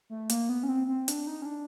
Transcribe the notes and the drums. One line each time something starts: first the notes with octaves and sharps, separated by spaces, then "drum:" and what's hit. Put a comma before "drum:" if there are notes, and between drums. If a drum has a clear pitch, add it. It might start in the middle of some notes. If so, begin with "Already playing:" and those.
A3
A#3, drum: hi-hat
B3
C#4
C4
C4
D4, drum: hi-hat
D#4
C#4
D4